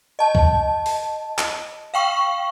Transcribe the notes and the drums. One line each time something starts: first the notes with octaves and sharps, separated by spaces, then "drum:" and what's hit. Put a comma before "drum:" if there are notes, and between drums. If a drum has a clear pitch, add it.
D#5 A5
drum: kick C#2
drum: open hi-hat
drum: clap
F5 G5 C#6